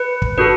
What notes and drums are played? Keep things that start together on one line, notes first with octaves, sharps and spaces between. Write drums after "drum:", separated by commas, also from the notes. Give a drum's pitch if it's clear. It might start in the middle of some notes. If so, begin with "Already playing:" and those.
Already playing: B4
drum: kick
D4 F#4 A4 B4